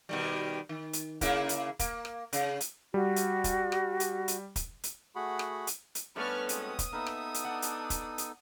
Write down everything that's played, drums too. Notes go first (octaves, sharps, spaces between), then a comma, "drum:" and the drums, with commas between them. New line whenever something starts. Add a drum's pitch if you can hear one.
B2 D#3 G3
D#3
drum: hi-hat
C#3 A#3 E4, drum: kick, hi-hat
drum: hi-hat
A#3, drum: kick, hi-hat
drum: rim click
C#3, drum: hi-hat
drum: hi-hat
G3 F#4
drum: hi-hat
drum: kick, hi-hat
drum: rim click
drum: hi-hat
drum: hi-hat
drum: kick, hi-hat
drum: hi-hat
A3 F#4 G#4 F#5 B5
drum: rim click
drum: hi-hat
drum: hi-hat
G2 A3 B3 C#4 B4 D5 C#6 F6
G#3 C4 F#4 D#6, drum: hi-hat
drum: kick, hi-hat
A#3 B3 D#4 A4 B4 E5
drum: rim click
drum: hi-hat
D4 F#5
drum: hi-hat
drum: kick, hi-hat
drum: hi-hat